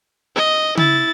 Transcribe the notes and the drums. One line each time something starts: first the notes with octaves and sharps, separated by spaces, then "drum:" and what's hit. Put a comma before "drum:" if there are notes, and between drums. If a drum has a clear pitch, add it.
D#5
E4 A6, drum: tom C#3